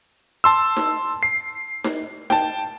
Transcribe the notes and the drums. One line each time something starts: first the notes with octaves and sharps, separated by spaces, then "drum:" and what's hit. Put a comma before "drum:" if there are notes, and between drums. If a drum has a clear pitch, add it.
A5 C6 E6
drum: snare D#4
C7
drum: snare D#4
G5 A5, drum: snare D#4